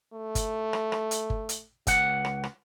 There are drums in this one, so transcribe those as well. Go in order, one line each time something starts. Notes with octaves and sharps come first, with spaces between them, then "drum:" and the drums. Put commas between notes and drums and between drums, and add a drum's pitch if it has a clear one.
A3
drum: kick G1, hi-hat
drum: rim click
drum: rim click
drum: hi-hat
drum: kick G1
drum: hi-hat
C#2 F#5, drum: kick G1, hi-hat
drum: rim click
drum: rim click